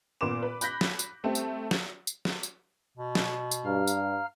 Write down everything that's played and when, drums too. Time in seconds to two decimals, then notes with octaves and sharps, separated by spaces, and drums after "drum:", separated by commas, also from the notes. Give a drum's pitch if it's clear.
0.21 A#2 B3 C6 D6 E7
0.42 B4
0.61 B5 F#6 G6 A#6 B6, drum: tambourine
0.81 drum: snare
0.99 drum: tambourine
1.23 G3 A3 C4
1.35 drum: tambourine
1.71 drum: snare
2.07 drum: tambourine
2.25 drum: snare
2.43 drum: tambourine
2.97 B2
3.15 drum: snare
3.51 drum: tambourine
3.65 G2 F5 A#5 F6
3.87 drum: tambourine